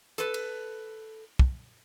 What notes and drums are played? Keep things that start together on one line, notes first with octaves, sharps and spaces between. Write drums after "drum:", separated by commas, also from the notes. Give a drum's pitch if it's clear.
A4 B4, drum: hi-hat
drum: cymbal
drum: kick